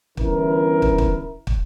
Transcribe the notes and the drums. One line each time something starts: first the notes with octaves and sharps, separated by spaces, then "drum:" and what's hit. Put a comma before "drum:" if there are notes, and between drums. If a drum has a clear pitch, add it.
G1 E3 C#4 E4 A#4, drum: kick
drum: kick
drum: kick
drum: kick